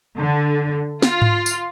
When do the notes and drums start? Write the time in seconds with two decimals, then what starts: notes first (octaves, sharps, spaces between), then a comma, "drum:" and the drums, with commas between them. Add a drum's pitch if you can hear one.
0.17 D3
1.02 F4, drum: snare
1.22 drum: tom G#2
1.46 drum: tambourine